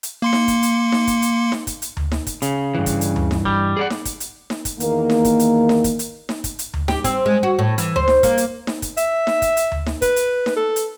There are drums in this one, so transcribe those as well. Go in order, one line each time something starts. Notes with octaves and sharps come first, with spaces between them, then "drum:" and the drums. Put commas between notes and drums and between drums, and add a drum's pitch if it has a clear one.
drum: hi-hat
A#3 C6 C#7
drum: snare D#4
drum: kick, hi-hat
drum: hi-hat
drum: snare D#4
drum: kick, hi-hat
drum: hi-hat
drum: snare D#4
drum: kick, hi-hat
drum: hi-hat
drum: tom D2
drum: snare D#4
drum: kick, hi-hat
C#3, drum: hi-hat
G2 E3
drum: kick, hi-hat
drum: hi-hat
drum: tom D2
drum: snare D#4
G3, drum: kick
G#4 D5 F#5
drum: snare D#4
drum: kick, hi-hat
drum: hi-hat
drum: snare D#4
drum: kick, hi-hat
E2 D#3 A#3, drum: hi-hat
drum: snare D#4
drum: kick, hi-hat
drum: hi-hat
drum: snare D#4
drum: kick, hi-hat
drum: hi-hat
drum: snare D#4
drum: kick, hi-hat
drum: hi-hat
drum: tom D2
G4, drum: snare D#4
C4, drum: kick, hi-hat
G#3
F#4
A2
E3, drum: hi-hat
C5, drum: tom D2
drum: snare D#4
A#3, drum: kick, hi-hat
drum: hi-hat
drum: snare D#4
drum: kick, hi-hat
E5, drum: hi-hat
drum: snare D#4
drum: kick, hi-hat
drum: hi-hat
drum: tom D2
drum: snare D#4
B4, drum: kick, hi-hat
drum: hi-hat
drum: snare D#4
A4
drum: hi-hat